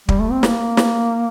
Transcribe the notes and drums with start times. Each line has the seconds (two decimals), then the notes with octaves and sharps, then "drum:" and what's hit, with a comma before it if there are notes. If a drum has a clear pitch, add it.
0.09 G3, drum: kick
0.20 A3
0.31 C4
0.43 A#3, drum: snare
0.77 drum: snare